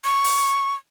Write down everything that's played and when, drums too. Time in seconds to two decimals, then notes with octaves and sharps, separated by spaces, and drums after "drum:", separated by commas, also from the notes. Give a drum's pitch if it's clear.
0.05 C#6
0.24 drum: open hi-hat